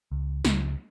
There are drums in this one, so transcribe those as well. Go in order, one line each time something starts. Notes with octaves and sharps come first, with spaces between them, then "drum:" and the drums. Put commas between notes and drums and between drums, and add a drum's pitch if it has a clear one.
C#2
C#2, drum: snare